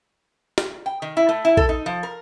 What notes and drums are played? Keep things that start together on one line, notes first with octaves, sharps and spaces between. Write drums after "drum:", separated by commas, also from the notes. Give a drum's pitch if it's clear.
drum: snare
G5
D#3
E4
A3
E4
A4, drum: kick
D#4
F3
A#4